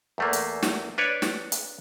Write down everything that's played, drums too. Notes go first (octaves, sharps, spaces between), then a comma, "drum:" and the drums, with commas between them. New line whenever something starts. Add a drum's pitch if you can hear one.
E2 A3 A#3
drum: hi-hat
drum: snare
D4 B4 C#5 D5
drum: snare
drum: hi-hat